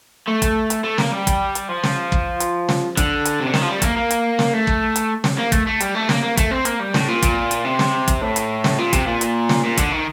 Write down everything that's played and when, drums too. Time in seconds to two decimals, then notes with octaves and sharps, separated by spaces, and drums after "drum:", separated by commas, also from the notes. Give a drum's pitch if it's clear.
0.28 A3
0.42 drum: kick, hi-hat
0.70 drum: hi-hat
0.85 A3
0.98 A#3, drum: snare
1.12 G3
1.27 drum: kick, hi-hat
1.55 drum: hi-hat
1.69 F3
1.84 drum: snare
2.12 drum: kick
2.40 drum: hi-hat
2.69 drum: snare
2.97 D3, drum: kick, hi-hat
3.25 drum: hi-hat
3.40 C3
3.46 D3
3.54 D#3, drum: snare
3.61 F3
3.68 G3
3.79 A3
3.82 A#3, drum: kick, hi-hat
3.96 A#3
4.10 drum: hi-hat
4.39 drum: snare
4.53 A3
4.67 drum: kick
4.96 drum: hi-hat
5.24 drum: snare
5.39 A#3
5.52 A3, drum: kick, hi-hat
5.67 A3
5.80 G3, drum: hi-hat
5.95 A3
6.09 A#3, drum: snare
6.23 A#3
6.37 A3, drum: kick, hi-hat
6.51 C4
6.65 A#3, drum: hi-hat
6.80 G3
6.94 A2, drum: snare
7.08 A#2
7.22 drum: kick, hi-hat
7.51 drum: hi-hat
7.64 C3
7.79 drum: snare
8.08 drum: kick, hi-hat
8.21 A2
8.36 drum: hi-hat
8.64 drum: snare
8.78 A#2
8.93 C3, drum: kick, hi-hat
9.07 A#2
9.21 drum: hi-hat
9.49 drum: snare
9.64 A#2
9.77 D3, drum: kick, hi-hat
9.92 D#3